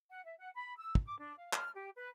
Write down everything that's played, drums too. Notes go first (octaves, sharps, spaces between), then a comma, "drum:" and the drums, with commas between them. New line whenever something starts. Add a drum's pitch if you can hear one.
F#5
E5
F#5
B5
E6
drum: kick
D6
D4
F5
F6, drum: clap
G4
B4